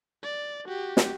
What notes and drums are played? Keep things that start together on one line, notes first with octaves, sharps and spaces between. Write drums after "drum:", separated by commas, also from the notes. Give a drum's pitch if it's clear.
D5
F#4 G4
drum: snare